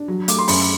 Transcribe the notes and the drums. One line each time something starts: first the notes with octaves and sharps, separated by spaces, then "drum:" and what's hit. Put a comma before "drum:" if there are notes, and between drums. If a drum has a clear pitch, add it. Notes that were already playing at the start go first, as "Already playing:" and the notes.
Already playing: D4
F#3
A3 D6, drum: hi-hat
C6
F#2 B5, drum: open hi-hat